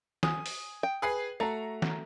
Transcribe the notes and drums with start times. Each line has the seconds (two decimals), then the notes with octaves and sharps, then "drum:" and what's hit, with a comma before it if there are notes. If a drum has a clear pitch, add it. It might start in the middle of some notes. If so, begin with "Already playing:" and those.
0.23 G#5 D#6, drum: snare
0.46 drum: open hi-hat
0.83 G5
1.02 G#4 B4 C7
1.40 A3 F#4 A#5
1.82 drum: snare